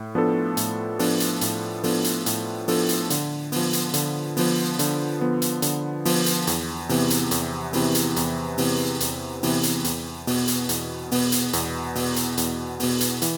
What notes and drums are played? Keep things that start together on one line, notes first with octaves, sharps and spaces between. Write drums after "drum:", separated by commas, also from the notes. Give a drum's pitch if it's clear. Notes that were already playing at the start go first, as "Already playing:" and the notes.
Already playing: A2
F3 B3 D4 A4
A2, drum: hi-hat
F3 B3 D4 A4, drum: open hi-hat
drum: hi-hat
A2, drum: hi-hat
F3 B3 D4 A4, drum: open hi-hat
drum: hi-hat
A2, drum: hi-hat
F3 B3 D4 A4, drum: open hi-hat
drum: hi-hat
D3, drum: hi-hat
F3 B3, drum: open hi-hat
drum: hi-hat
D3, drum: hi-hat
F3 B3, drum: open hi-hat
D3, drum: hi-hat
F3 B3
drum: hi-hat
D3, drum: hi-hat
F3 B3, drum: open hi-hat
drum: hi-hat
E2, drum: hi-hat
C3 E3 B3, drum: open hi-hat
drum: hi-hat
E2, drum: hi-hat
C3 E3 B3, drum: open hi-hat
drum: hi-hat
E2, drum: hi-hat
C3 E3 B3, drum: open hi-hat
E2, drum: hi-hat
C3 E3 B3, drum: open hi-hat
drum: hi-hat
E2, drum: hi-hat
B2 B3, drum: open hi-hat
drum: hi-hat
E2, drum: hi-hat
B2 B3, drum: open hi-hat
drum: hi-hat
E2, drum: hi-hat
B2 B3, drum: open hi-hat
drum: hi-hat
E2, drum: hi-hat
B2 B3, drum: open hi-hat
drum: hi-hat
E3, drum: hi-hat